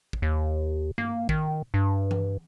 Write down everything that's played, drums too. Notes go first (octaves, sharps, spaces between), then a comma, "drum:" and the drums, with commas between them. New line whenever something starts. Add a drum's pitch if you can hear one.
drum: kick
D#2
A#3, drum: tom G2
D#3, drum: kick
G2
drum: tom E3